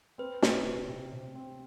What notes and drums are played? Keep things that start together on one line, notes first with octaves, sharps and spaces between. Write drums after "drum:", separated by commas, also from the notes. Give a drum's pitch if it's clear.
C4 B4
C3, drum: snare
C3
C3
C3
C4